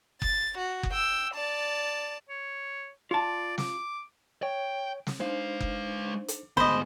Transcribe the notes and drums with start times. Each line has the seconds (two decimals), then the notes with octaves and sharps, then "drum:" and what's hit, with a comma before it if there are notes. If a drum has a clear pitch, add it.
0.22 A6, drum: kick F#1
0.58 F#4
0.83 drum: kick F#1
0.93 G5 E6
1.34 D5 A5
2.29 C#5
3.11 F4 D5 A5
3.58 D6, drum: snare
4.43 C#5 G5
5.07 drum: snare
5.20 G#3 D4 D#4 C5 F5
5.60 drum: kick F#1
6.28 drum: hi-hat
6.57 D2 G#2 B3 C5 D#5 B5